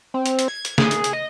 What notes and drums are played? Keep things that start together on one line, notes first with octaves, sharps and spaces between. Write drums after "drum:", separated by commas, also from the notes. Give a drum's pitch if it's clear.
C4
drum: hi-hat
drum: hi-hat
G#6
drum: hi-hat
G#4, drum: snare
drum: hi-hat
drum: hi-hat
D#5